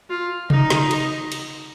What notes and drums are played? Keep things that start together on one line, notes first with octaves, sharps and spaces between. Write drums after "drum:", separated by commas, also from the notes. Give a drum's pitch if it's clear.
F4
D#4, drum: tom C3
drum: snare
drum: cymbal
drum: cymbal